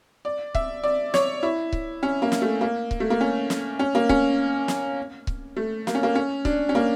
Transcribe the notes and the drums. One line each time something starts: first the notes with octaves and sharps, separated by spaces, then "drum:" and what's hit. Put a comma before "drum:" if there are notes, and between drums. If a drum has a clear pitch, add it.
D5
E5, drum: kick C#1
D5
C#5, drum: snare
E4
drum: kick C#1
C#4
A#3
drum: snare
A3
A#3
drum: kick C#1
A3
A#3
C#4
drum: snare
C#4
A#3
C#4, drum: kick C#1
drum: snare
drum: kick C#1
A3
A#3, drum: snare
C#4
A#3
C#4
D4, drum: kick C#1
C#4
A#3